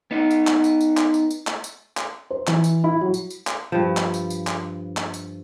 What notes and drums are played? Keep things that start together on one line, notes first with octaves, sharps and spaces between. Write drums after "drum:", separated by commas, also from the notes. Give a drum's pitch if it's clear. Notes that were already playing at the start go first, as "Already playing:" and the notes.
B3 D#4
drum: tambourine
drum: clap
drum: tambourine
drum: tambourine
drum: clap
drum: tambourine
drum: tambourine
drum: clap
drum: tambourine
drum: clap
C5
E3, drum: clap
drum: tambourine
E4
F#3
drum: tambourine
drum: tambourine
drum: clap
G2 F3
drum: clap
drum: tambourine
drum: tambourine
drum: clap
drum: clap
drum: tambourine